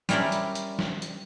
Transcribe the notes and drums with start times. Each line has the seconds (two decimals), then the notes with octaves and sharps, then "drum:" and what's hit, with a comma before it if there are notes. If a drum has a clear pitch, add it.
0.09 G3 C#4 E4 A#4 C5 D5, drum: snare
0.32 drum: hi-hat
0.55 drum: hi-hat
0.79 drum: snare
1.02 drum: hi-hat